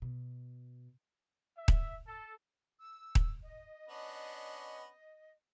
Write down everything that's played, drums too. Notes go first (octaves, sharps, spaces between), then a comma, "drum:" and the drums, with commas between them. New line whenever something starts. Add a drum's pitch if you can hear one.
B2
E5
drum: kick D#1
A4
E6
drum: kick D#1
D#5
B3 C#4 D4